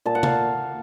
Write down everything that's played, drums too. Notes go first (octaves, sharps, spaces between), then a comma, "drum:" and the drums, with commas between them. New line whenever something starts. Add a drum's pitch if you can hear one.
A#2 A5
F#5
F5 A5, drum: tom C3